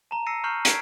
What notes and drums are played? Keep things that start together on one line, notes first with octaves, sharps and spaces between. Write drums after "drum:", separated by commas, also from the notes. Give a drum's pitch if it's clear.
A5 A#5
E6 A#6 C7 C#7 D#7
A#5 C#6 F6 G6 C7 F#7
A#5 G#6 B6 C7 D7, drum: hi-hat